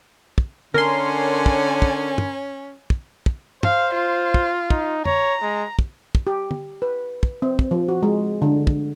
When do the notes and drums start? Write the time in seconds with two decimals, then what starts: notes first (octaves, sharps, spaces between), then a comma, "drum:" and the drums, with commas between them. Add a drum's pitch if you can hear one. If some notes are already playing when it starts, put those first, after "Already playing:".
0.38 drum: kick
0.74 D3 C#4 A#4 C#5 G#5 C6, drum: tom
1.46 drum: kick
1.82 drum: kick
2.18 drum: tom
2.90 drum: kick
3.26 drum: kick
3.63 C5 F5, drum: tom
3.94 F4
4.34 drum: kick
4.70 D#4, drum: kick
5.05 C#5 A#5, drum: tom F2
5.42 G#3
5.79 drum: kick
6.15 drum: kick
6.27 G4
6.51 drum: tom
6.82 B4
7.23 drum: kick
7.42 C4
7.59 drum: kick
7.71 F3
7.88 F#4
8.03 G#3
8.42 D3
8.67 drum: kick